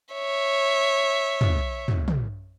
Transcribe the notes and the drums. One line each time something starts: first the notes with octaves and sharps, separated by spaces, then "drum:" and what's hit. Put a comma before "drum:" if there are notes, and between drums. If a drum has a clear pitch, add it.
C#5 E5
drum: tom
drum: tom
drum: tom